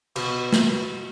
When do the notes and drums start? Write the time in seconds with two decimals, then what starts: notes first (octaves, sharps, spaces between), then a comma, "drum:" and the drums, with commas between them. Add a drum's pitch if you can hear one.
0.16 B2, drum: cymbal
0.53 drum: snare